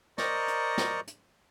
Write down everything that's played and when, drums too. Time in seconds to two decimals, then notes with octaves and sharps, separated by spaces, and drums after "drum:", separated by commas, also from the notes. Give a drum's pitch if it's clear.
0.18 A#4 C5 D5 D#5 A#5 C#6, drum: snare
0.48 drum: hi-hat
0.78 drum: snare
1.07 drum: hi-hat